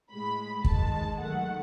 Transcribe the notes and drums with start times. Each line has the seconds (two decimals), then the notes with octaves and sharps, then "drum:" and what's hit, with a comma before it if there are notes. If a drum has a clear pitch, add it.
0.11 A2 G#3 B5
0.64 D#3 G#3 A5, drum: kick
1.18 D#3 F#3 A3 F#5